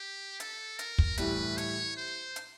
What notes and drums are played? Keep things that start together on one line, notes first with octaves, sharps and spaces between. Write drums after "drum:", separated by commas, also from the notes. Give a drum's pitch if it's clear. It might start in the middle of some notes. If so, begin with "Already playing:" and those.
Already playing: G4
A4, drum: hi-hat
A#4, drum: hi-hat
drum: kick
A2 E3 G3 B4, drum: hi-hat
C#5, drum: hi-hat
C5
drum: hi-hat